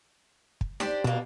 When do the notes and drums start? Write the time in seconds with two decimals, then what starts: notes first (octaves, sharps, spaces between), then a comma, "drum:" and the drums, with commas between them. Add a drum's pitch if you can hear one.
0.61 drum: kick
0.80 D4 G4 C5, drum: snare D#4
1.04 B2 A#3 D4